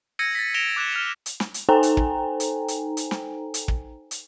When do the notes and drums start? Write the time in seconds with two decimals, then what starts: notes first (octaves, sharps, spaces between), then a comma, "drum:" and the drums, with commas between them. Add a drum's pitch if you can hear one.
0.19 E6 G#6 A#6 C#7 D#7
0.35 A6 B6
0.54 A#6 D7 E7 F7 G7
0.76 D6 F#6 G#6 E7
0.93 F6 F7
1.26 drum: hi-hat
1.40 drum: snare
1.54 drum: hi-hat
1.69 D#4 A4 C5 G5 G#5 A#5
1.83 drum: hi-hat
1.97 drum: kick
2.40 drum: hi-hat
2.68 drum: hi-hat
2.97 drum: hi-hat
3.11 drum: snare
3.54 drum: hi-hat
3.68 drum: kick
4.11 drum: hi-hat